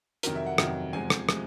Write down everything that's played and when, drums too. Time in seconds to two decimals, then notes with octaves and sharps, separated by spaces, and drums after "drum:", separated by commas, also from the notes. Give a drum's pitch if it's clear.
0.23 F2 C3 D#3 F#3 A#4, drum: hi-hat
0.35 E5
0.46 F#5
0.58 F2 C3 D#3 F#3, drum: rim click
0.93 E2 C3 F3 G#3 G#5
1.10 drum: rim click
1.29 C3 F3 G#3, drum: rim click